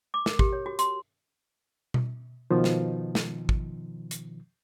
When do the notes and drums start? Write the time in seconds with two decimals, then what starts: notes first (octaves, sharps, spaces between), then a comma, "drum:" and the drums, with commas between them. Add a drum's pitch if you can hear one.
0.14 D6
0.26 A#4, drum: snare
0.39 G4, drum: kick
0.53 C#5
0.66 F#4
0.79 C6, drum: hi-hat
1.94 drum: tom B2
2.51 B2 D#3 F3
2.64 drum: snare
3.15 drum: snare
3.49 drum: kick
4.11 drum: hi-hat